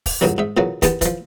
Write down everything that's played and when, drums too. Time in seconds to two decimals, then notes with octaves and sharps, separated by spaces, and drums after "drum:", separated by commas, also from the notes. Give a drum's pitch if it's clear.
0.06 drum: kick, open hi-hat
0.21 E2 G2 A#2 D3 F#3
0.38 G#2 E5
0.57 A#2 C#3 E3 F#3
0.82 D#2 E3 B3 G4 A5, drum: kick, hi-hat
1.01 E3 F3, drum: kick, hi-hat